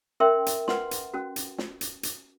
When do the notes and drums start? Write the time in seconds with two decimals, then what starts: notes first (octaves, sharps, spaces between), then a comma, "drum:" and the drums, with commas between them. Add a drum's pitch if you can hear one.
0.20 C#4 A#4 E5 G5 C6
0.46 drum: hi-hat
0.68 B4 F#5 C6, drum: snare
0.91 drum: hi-hat
1.14 C#4 F#4
1.36 drum: hi-hat
1.58 drum: snare
1.81 drum: hi-hat
2.03 drum: hi-hat